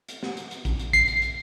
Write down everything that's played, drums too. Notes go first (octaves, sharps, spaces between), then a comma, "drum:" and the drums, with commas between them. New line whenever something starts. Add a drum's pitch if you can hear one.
drum: hi-hat
drum: snare
drum: hi-hat
drum: hi-hat
drum: kick, hi-hat
drum: hi-hat
C7, drum: kick, hi-hat
drum: hi-hat
drum: hi-hat